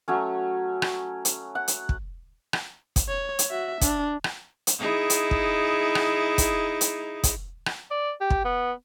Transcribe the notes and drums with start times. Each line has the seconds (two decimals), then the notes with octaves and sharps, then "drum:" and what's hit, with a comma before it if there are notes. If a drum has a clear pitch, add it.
0.08 F#3 A3 C#4
0.82 drum: rim click
1.25 drum: hi-hat
1.55 F#5
1.68 drum: hi-hat
1.89 drum: kick
2.53 drum: rim click
2.96 drum: kick, hi-hat
3.08 C#5
3.39 drum: hi-hat
3.51 F#4 E5
3.81 D4, drum: kick, hi-hat
4.24 drum: rim click
4.67 drum: hi-hat
4.79 D#4 E4 G#4
5.10 drum: hi-hat
5.31 drum: kick
5.95 drum: rim click
6.38 drum: kick, hi-hat
6.81 drum: hi-hat
7.23 drum: kick, hi-hat
7.66 drum: rim click
7.91 D5
8.21 G4
8.30 drum: kick
8.45 B3